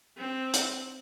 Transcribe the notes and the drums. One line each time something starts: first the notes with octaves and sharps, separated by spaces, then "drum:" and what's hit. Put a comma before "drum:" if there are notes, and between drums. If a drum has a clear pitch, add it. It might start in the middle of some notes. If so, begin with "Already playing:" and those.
C4
drum: hi-hat